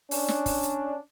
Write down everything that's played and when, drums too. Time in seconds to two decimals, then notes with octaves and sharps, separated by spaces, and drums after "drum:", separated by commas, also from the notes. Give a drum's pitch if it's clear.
0.11 C#4 D4, drum: open hi-hat
0.28 drum: snare
0.46 drum: kick, open hi-hat
0.63 drum: hi-hat